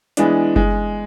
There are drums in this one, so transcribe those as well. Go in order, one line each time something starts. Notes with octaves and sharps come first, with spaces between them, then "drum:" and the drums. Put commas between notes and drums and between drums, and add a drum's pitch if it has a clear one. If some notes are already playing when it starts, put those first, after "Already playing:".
E3 G#3 B3 D4, drum: hi-hat
G#3, drum: kick F#1